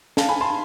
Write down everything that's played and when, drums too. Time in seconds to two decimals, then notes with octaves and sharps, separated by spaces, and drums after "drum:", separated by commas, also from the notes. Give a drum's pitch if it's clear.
0.17 F5 A5, drum: snare
0.29 G#5 B5
0.41 A5 C6